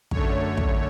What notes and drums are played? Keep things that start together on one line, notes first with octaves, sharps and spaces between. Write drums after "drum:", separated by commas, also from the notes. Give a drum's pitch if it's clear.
F#2 D3 A3 C#5, drum: kick
drum: kick